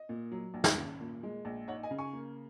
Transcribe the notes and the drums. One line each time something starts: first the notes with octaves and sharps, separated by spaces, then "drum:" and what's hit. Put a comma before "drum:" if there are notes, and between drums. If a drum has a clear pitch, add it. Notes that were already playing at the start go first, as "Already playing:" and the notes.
Already playing: D#5
A#2
F#3
A#1
drum: snare
C#4
A#2
G#3
A#1
D#4 C#5 F#5
D#5 G#5
C#3
G#5 C#6
A#3